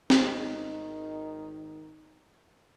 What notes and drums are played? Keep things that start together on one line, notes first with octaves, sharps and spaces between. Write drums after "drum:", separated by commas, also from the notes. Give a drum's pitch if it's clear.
G#1 D#3 D#4, drum: snare